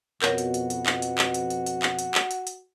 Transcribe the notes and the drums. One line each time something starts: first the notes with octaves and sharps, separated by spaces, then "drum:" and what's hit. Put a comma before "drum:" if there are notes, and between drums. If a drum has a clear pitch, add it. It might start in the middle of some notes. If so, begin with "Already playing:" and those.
F2 B2 F#4 A#4 C#5, drum: clap
drum: hi-hat
drum: hi-hat
drum: hi-hat
drum: clap
drum: hi-hat
drum: clap
drum: hi-hat
drum: hi-hat
drum: hi-hat
drum: clap
drum: hi-hat
drum: clap
drum: hi-hat
drum: hi-hat